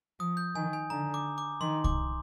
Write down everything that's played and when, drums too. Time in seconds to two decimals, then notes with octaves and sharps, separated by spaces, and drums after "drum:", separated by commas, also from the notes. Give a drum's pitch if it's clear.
0.20 F3 D#6
0.37 G6
0.55 D#3 G#5
0.73 G#5
0.90 D3 A#5
1.14 D6
1.38 D6
1.61 D#3 C6
1.84 D6, drum: kick C2